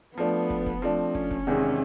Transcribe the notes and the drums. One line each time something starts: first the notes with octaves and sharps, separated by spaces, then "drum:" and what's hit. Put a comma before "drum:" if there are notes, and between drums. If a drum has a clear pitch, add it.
F3 A3 B3 D4
drum: kick
drum: kick
F3 A3 C4 D4
C#4, drum: kick
drum: kick
E2 C3 D#3 G#3